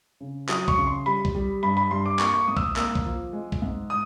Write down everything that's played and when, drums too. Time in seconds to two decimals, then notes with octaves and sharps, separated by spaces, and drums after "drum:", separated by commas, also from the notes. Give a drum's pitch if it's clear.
0.21 C#3
0.49 F#3 D#6, drum: clap
0.68 C#6, drum: kick B1
0.78 C#3
0.87 C6
1.06 G3 B5
1.25 drum: kick B1
1.35 G3
1.63 G2 B5
1.77 B5
1.91 G2 C6
2.06 D6
2.19 A#3 C#6, drum: clap
2.34 C#6
2.48 G#2 D#6
2.57 E6, drum: kick B1
2.62 D#6
2.76 A#3 E6, drum: clap
2.95 drum: kick B1
3.05 F3
3.33 G#3
3.52 drum: kick B1
3.62 G#2
3.90 D#6